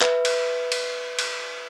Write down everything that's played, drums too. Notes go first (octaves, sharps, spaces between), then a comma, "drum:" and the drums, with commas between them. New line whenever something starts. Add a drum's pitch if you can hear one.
B4 E5, drum: clap
drum: cymbal
drum: cymbal
drum: cymbal